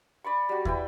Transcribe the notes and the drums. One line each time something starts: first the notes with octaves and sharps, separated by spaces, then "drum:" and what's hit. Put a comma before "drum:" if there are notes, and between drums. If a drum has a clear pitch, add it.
D5 B5 C#6
G3 F#4
E4 B4 G5, drum: kick